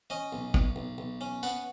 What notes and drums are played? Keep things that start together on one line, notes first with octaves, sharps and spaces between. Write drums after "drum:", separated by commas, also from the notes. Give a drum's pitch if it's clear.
C#4 D#5
B1
B1, drum: kick
B1
B1
C#4
B3 F#5, drum: tambourine